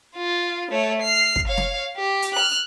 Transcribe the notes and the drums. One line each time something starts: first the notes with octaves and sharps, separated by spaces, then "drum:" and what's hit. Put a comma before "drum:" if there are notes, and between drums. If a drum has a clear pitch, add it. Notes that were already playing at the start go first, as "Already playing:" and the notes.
F4
A3 C#5
F6 C7
drum: kick
C#5 F5
drum: snare
G4
drum: hi-hat
F6 F#6